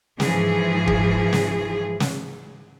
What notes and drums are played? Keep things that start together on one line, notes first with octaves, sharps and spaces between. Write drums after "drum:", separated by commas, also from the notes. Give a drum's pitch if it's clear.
G#2 E3 F3 G#4, drum: snare
drum: kick
drum: snare
drum: snare